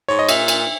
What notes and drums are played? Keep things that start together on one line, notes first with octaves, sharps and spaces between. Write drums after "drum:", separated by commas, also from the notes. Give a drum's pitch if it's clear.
G#2 C#5
D#5
A#2 E5, drum: cymbal
drum: cymbal